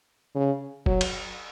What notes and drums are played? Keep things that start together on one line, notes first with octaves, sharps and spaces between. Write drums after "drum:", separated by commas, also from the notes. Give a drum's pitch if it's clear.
C#3
F#3, drum: kick F1
drum: cymbal